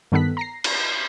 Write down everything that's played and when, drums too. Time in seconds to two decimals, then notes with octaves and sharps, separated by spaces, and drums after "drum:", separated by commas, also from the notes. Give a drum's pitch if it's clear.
0.12 G2 D#3 B3 A4 F#6 B6
0.37 A#5 A#6 C7
0.64 drum: cymbal